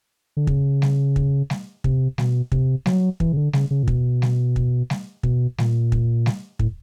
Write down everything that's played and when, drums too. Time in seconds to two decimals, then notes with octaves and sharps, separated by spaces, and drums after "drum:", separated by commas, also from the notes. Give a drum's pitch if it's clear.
0.37 D3
0.47 C#3, drum: kick
0.82 drum: snare G3
1.16 drum: kick
1.50 drum: snare G3
1.84 C3, drum: kick
2.18 B2, drum: snare G3
2.52 C3, drum: kick
2.86 F#3, drum: snare G3
3.20 E3, drum: kick
3.33 C#3
3.37 D3
3.53 C#3, drum: snare G3
3.71 C#3
3.83 A#2
3.88 B2, drum: kick
4.22 drum: snare G3
4.56 drum: kick
4.90 drum: snare G3
5.23 B2, drum: kick
5.58 A#2, drum: snare G3
5.92 drum: kick
6.26 drum: snare G3
6.59 A2, drum: kick